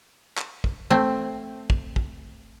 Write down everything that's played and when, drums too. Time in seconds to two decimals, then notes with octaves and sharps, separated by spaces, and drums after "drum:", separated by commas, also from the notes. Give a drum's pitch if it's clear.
0.38 drum: clap
0.64 drum: kick
0.90 A3 C4
1.70 drum: kick
1.96 drum: kick